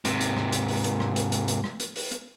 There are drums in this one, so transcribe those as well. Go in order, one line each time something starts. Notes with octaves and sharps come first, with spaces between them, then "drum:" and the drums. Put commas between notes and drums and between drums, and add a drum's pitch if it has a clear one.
G#2 C3, drum: hi-hat
drum: hi-hat
drum: rim click
drum: hi-hat
drum: open hi-hat
drum: hi-hat
drum: rim click
drum: hi-hat
drum: hi-hat
drum: hi-hat
drum: rim click
drum: hi-hat
drum: open hi-hat
drum: hi-hat